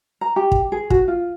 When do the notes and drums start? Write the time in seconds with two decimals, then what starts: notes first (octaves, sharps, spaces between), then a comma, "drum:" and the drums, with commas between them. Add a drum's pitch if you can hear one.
0.21 A#5
0.36 G4
0.52 drum: kick
0.72 G#4
0.90 F#4, drum: kick
1.08 F4